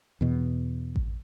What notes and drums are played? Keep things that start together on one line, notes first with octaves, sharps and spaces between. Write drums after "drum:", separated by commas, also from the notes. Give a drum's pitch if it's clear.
E2 B2
drum: kick A1